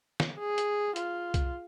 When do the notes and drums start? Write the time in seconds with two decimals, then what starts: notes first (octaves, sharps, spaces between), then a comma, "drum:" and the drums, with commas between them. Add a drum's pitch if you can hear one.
0.20 drum: snare
0.38 G#4
0.58 drum: hi-hat
0.96 F4, drum: hi-hat
1.34 drum: kick C2, hi-hat